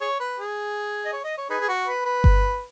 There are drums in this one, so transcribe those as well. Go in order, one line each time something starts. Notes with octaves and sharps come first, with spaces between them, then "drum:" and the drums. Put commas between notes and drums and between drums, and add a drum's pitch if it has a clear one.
G#4 C#5
B4
G#4
D#5
C#5
D#5
C#5
D#4 G#4 B4
G#4
F#4
B4
B4
drum: kick G1